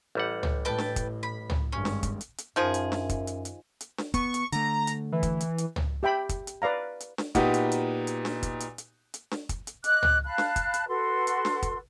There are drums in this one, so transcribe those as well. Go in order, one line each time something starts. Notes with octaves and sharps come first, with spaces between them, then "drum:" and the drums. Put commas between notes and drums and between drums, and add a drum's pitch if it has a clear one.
A1 G3 F#5
drum: tom
A2 B4 G5 A5
drum: snare D4
drum: kick, hi-hat
B5
drum: tom
G#1 G2 C#4
drum: snare D4
drum: kick, hi-hat
drum: hi-hat
drum: hi-hat
F#2 D#3 F3 G#4
drum: hi-hat
drum: snare D4
drum: kick, hi-hat
drum: hi-hat
drum: hi-hat
drum: hi-hat
drum: snare D4
B3 C#6, drum: kick, hi-hat
drum: hi-hat
D3 A3 A#5, drum: hi-hat
drum: hi-hat
E3
drum: kick, hi-hat
drum: hi-hat
drum: hi-hat
drum: tom
G4 E5 G5 B5
drum: kick, hi-hat
drum: hi-hat
B4 D5 F5 A#5
drum: hi-hat
drum: snare D4
A#2 B3 D#4 F#4 G4, drum: kick, hi-hat
drum: hi-hat
drum: hi-hat
drum: hi-hat
drum: snare D4
drum: kick, hi-hat
drum: hi-hat
drum: hi-hat
drum: hi-hat
drum: snare D4
drum: kick, hi-hat
drum: hi-hat
D#5 D6 F#6, drum: hi-hat
drum: tom
F5 A5 B5 F#6
drum: snare D4
drum: kick, hi-hat
drum: hi-hat
F#4 A4 B4 C6
drum: hi-hat
drum: snare D4
drum: kick, hi-hat